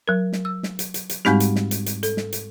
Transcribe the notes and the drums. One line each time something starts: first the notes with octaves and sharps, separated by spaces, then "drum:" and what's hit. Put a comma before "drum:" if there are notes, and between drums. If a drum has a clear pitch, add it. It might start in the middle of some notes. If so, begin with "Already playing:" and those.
F#3 A#4
drum: snare
E6
drum: snare
drum: hi-hat
drum: hi-hat
drum: hi-hat
G#2 G3 G#3 C4 D#4 G4, drum: snare
drum: hi-hat
drum: snare
drum: hi-hat
drum: hi-hat
A4, drum: hi-hat
drum: snare
drum: hi-hat